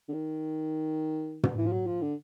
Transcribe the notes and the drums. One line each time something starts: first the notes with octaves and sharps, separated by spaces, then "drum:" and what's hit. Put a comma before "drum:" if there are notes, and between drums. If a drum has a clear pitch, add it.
D3
D#3
drum: tom
E3
F3
F#3
F3
D3